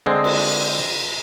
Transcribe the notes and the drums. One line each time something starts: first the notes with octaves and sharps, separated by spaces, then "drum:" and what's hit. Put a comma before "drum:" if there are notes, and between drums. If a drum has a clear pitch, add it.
D3 G#3 C4
drum: cymbal